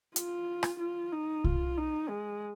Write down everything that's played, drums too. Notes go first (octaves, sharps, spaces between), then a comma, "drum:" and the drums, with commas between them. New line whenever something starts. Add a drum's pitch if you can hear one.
F4, drum: hi-hat
drum: rim click
F4
D#4
F4, drum: kick C2
D#4
G#3